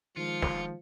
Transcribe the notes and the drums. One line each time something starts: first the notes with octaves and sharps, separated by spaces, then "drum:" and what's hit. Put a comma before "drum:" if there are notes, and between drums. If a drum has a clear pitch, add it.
D#3 F3 G#3 F4 C#7
drum: snare